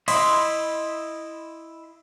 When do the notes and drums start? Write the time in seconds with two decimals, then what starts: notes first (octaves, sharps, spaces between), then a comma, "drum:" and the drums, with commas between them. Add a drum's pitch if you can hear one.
0.08 E4 D#5 E5 B5 C6, drum: cymbal